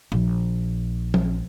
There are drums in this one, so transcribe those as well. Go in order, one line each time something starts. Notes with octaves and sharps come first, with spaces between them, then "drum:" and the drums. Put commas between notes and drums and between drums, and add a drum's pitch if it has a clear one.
A#1
drum: tom F3